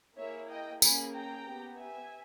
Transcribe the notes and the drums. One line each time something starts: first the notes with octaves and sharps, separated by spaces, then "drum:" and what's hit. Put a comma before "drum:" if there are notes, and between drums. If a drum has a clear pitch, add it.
A#3 E4 G#4 C#5 E5
D#5 G5
A#3 C#4 G#4 G#5 B5, drum: tambourine
G5 A#5
B3 G4
E5 G#5